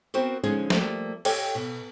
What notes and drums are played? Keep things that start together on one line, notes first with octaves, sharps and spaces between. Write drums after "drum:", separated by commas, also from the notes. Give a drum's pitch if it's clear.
B3 C4 F#4 A#4 C5
D3 F3 G#3 C#4 D#4 G#4
F3 G3 A3 A#3, drum: snare
G4 A4 C#5 D#5 G5, drum: cymbal
B2